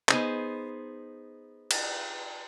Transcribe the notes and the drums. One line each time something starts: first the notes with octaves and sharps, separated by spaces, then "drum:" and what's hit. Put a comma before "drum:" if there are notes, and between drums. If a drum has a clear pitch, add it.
B3 D#4 G#4 C5, drum: clap
drum: cymbal